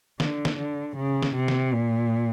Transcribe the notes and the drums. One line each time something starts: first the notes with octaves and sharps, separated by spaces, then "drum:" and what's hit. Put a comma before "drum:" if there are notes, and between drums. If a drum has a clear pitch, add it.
D3, drum: snare
drum: snare
D3
C#3
drum: snare
C3
drum: snare
A#2